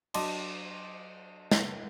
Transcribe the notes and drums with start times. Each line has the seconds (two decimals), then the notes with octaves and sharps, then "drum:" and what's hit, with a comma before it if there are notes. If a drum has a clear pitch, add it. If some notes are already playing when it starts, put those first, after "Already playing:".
0.14 F#3 D4 D#5 A5 C6 D6, drum: cymbal
1.52 drum: snare